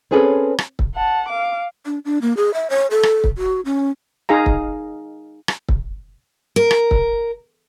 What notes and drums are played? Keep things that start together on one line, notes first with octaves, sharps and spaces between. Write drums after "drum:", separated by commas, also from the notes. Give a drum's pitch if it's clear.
C4 C#4 G#4 A4 B4
drum: rim click
drum: kick
F#5 A5
F5 D6
D4
D4
A#3
G#4
E5
C#5
A4
drum: rim click
drum: kick
F#4
C#4
D#4 G#4 F5 A#5
drum: kick
drum: rim click
drum: kick
A#4
drum: rim click
drum: kick